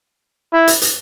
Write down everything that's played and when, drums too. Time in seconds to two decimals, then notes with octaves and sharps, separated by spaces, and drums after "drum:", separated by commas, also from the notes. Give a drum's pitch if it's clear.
0.53 E4
0.67 drum: hi-hat
0.82 drum: hi-hat